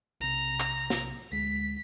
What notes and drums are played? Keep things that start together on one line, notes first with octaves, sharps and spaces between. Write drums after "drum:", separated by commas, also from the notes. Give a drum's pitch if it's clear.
B1 C3 A#5
drum: clap
drum: snare
D2 G#3 B6